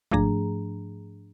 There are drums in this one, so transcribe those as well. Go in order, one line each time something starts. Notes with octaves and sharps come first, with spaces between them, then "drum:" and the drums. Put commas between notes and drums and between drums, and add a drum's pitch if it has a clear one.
G#2 F3 A3 D4 G#4 A#5, drum: kick